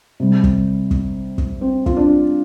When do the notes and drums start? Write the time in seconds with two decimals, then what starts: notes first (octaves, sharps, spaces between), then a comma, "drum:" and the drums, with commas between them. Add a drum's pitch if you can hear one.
0.20 C3 G3
0.44 drum: kick
0.91 drum: kick
1.38 drum: kick
1.61 C4
1.86 F4, drum: kick
1.97 D4